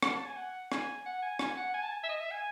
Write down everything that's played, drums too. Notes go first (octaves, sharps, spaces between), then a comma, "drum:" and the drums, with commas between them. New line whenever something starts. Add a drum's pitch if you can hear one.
F#5, drum: rim click
A5
G#5
F#5
G#5, drum: rim click
F#5
G#5
G#5, drum: rim click
F#5
G#5
A5
G#5
E5
D#5
E5
G#5